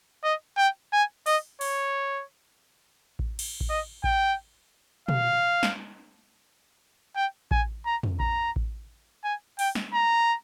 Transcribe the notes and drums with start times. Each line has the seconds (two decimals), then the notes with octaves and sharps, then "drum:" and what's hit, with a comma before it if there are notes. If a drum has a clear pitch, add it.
0.23 D#5
0.57 G5
0.93 G#5
1.26 D#5, drum: open hi-hat
1.61 C#5, drum: open hi-hat
3.19 drum: kick A1
3.39 drum: cymbal
3.61 drum: kick A1
3.70 D#5
4.04 G5, drum: kick A1
5.08 F5, drum: tom
5.63 drum: snare
7.15 G5
7.51 G#5, drum: kick A1
7.86 A#5
8.03 drum: tom
8.20 A#5, drum: kick A1
8.56 drum: kick A1
9.24 G#5
9.59 G5, drum: open hi-hat
9.75 drum: snare
9.93 A#5